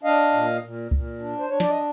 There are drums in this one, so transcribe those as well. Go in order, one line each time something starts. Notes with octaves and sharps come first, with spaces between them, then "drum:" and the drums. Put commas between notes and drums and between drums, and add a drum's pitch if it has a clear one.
D4 D#5 F5
A#2
A#2
A#2, drum: kick C#2
D4
C5
D4 C#5
D5, drum: snare
D#5